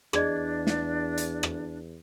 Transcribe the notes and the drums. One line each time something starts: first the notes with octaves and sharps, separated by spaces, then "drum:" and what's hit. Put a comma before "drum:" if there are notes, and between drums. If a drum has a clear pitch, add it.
E2 D4 G#4 D5 D#5, drum: rim click
drum: snare
drum: hi-hat
drum: rim click